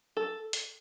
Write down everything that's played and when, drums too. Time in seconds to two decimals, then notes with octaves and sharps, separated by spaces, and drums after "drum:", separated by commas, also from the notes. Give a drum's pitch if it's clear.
0.17 A4
0.53 drum: hi-hat